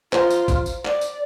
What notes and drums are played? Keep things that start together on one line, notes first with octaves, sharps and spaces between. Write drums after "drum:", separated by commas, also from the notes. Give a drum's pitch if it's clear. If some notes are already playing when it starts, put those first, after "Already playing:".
F4 C5 A#5, drum: clap
drum: tambourine
drum: kick, tambourine
drum: tambourine
D5, drum: clap
drum: tambourine